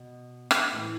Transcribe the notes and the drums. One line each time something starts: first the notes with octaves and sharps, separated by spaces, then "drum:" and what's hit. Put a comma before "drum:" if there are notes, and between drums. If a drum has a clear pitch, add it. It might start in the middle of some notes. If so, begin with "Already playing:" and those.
Already playing: B2
drum: rim click
A2 E3